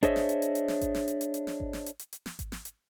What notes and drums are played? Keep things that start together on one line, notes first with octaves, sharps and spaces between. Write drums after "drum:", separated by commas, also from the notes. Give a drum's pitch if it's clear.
D4 G#4 C5 C#5 D#5 E5, drum: kick G#1, hi-hat
drum: snare
drum: hi-hat
drum: hi-hat
drum: hi-hat
drum: snare
drum: kick G#1, hi-hat
drum: snare
drum: hi-hat
drum: hi-hat
drum: hi-hat
drum: snare
drum: kick G#1
drum: snare
drum: hi-hat
drum: hi-hat
drum: hi-hat
drum: snare
drum: kick G#1, hi-hat
drum: snare
drum: hi-hat